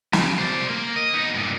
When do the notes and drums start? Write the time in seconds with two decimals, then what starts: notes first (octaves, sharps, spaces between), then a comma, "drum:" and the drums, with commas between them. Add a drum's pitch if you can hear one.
0.13 C#3, drum: snare
0.39 C5 D5
0.69 A#3
0.96 D#5
1.14 B3 D#4
1.35 G2 A#2